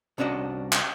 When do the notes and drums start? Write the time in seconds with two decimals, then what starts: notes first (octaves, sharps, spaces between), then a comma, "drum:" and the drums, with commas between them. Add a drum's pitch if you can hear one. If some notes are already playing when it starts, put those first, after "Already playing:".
0.18 C2 C#4 D4 F#4 D#5
0.72 drum: clap